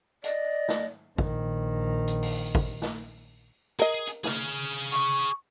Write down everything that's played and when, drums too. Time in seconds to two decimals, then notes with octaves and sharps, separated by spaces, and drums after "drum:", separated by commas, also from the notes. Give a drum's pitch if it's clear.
0.24 D5 D#5, drum: hi-hat
0.68 drum: snare
1.18 A#1 D#3, drum: kick
2.08 drum: hi-hat
2.23 drum: open hi-hat
2.55 drum: kick
2.82 drum: snare
3.79 G#4 A#4 D#5
4.07 drum: hi-hat
4.24 G#4 F5, drum: snare
4.92 C#6, drum: hi-hat